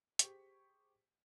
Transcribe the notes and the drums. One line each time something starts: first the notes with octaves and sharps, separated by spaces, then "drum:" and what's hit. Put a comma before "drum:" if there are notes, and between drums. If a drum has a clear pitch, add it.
G4 G#4 C5 C#6 B6, drum: hi-hat